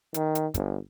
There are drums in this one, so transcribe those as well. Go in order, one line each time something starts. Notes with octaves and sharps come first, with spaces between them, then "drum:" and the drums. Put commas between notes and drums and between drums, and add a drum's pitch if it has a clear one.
D#3, drum: hi-hat
drum: hi-hat
G1, drum: kick, hi-hat